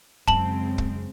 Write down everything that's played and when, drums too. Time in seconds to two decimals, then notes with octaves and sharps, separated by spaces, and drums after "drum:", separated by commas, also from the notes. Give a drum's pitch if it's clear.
0.28 F#2 C#3 G#3 C4 A5 F#7, drum: kick
0.78 drum: kick